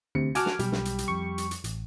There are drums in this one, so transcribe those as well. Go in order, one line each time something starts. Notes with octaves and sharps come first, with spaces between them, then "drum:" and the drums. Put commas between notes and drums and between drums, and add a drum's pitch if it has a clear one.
D2 C3 C#7
F#4 G#5 A5 D6 F6, drum: hi-hat
drum: snare
B1 G3, drum: hi-hat
drum: snare
drum: hi-hat
drum: hi-hat
F2 C#6
drum: hi-hat
drum: hi-hat
A1, drum: hi-hat